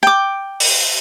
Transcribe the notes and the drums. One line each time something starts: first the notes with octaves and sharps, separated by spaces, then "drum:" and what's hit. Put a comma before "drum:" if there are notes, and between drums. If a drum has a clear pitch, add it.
G5 D6
drum: open hi-hat